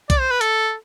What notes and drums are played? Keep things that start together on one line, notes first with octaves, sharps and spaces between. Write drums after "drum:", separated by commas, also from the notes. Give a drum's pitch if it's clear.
D5, drum: kick B1, hi-hat
C5
B4
A4, drum: hi-hat